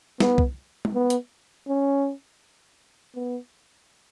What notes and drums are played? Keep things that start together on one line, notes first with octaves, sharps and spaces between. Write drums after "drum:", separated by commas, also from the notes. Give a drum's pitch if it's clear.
B3, drum: snare
drum: kick
drum: tom
B3
drum: hi-hat
C#4
B3